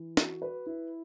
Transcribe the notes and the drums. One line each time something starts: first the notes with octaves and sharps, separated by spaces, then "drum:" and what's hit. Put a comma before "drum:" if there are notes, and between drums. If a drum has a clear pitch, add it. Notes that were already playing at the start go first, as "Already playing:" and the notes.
Already playing: E3
F#4, drum: snare
B4
E4